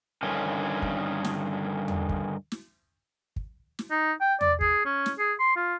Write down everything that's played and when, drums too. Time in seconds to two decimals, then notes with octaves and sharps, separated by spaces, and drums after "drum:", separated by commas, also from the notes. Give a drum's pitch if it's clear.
0.23 G2 D3 D#3 C#4
0.82 drum: kick
1.24 drum: snare
1.88 drum: tom E2
2.09 drum: kick
2.52 drum: snare
3.36 drum: kick
3.79 drum: snare
3.91 D#4
4.21 G5
4.41 D5, drum: tom E2
4.61 G#4, drum: kick
4.85 C#4
5.06 drum: snare
5.19 G#4
5.40 C6
5.56 F4